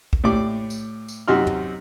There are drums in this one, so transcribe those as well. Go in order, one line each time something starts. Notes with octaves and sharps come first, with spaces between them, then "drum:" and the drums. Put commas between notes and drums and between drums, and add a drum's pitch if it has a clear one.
drum: kick
A2 G4 D5 D6
drum: tambourine
drum: tambourine
F#2 C3 D#4 F#4 C6 F6
drum: tom